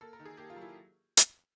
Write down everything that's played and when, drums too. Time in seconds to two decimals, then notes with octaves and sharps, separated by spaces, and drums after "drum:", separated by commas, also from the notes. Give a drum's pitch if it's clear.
0.01 A#3 A4
0.13 A#4
0.19 D#3
0.25 G#4
0.37 A#3 G4
0.50 F4
0.56 F#3
0.61 E4
1.17 drum: hi-hat